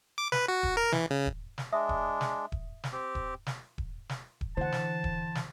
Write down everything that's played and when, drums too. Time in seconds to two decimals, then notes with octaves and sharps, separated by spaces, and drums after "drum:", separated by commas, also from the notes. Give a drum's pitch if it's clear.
0.18 D6
0.32 B4, drum: snare
0.48 F#4
0.63 drum: kick D#1
0.77 A#4
0.92 E3, drum: snare
1.10 C#3
1.26 drum: kick D#1
1.58 drum: snare
1.72 G#3 D4 E5 D#6
1.89 drum: kick D#1
2.21 drum: snare
2.52 drum: kick D#1
2.84 drum: snare
2.93 C4 G4
3.15 drum: kick D#1
3.47 drum: snare
3.78 drum: kick D#1
4.09 drum: snare
4.41 drum: kick D#1
4.57 D3 E3 C5 F#5 A5
4.72 drum: snare
5.04 drum: kick D#1
5.35 drum: snare